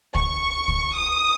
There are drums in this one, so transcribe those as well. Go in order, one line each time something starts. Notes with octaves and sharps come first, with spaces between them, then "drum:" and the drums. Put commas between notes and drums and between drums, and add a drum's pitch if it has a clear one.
C#6, drum: kick C#2
drum: kick C#2
D#6